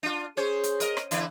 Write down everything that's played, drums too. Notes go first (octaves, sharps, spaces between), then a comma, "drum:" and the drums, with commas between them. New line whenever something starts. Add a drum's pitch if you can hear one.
D4 F4
C#4 G#4 C5 C#5
drum: hi-hat
A#4 D#5, drum: hi-hat
drum: rim click
E2 D3 E4, drum: hi-hat